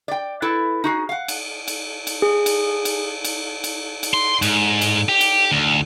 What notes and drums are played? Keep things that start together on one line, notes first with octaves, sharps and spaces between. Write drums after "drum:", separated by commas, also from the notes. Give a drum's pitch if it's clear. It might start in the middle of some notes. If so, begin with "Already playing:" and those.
D5 G5
E4 A4 B4
D#4 F#4 G#4
F5 F#5
drum: cymbal
drum: cymbal
drum: cymbal
G#4
drum: cymbal
drum: cymbal
drum: cymbal
drum: cymbal
drum: cymbal
C6
G#2, drum: cymbal
drum: cymbal
G4
drum: cymbal
D2